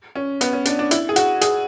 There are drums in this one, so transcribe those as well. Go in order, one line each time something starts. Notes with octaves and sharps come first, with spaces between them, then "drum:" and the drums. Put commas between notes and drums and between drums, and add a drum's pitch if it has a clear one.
C#4
B3, drum: hi-hat
C#4
D4, drum: hi-hat
D4
E4, drum: hi-hat
G#4
F#4, drum: hi-hat
G#4, drum: hi-hat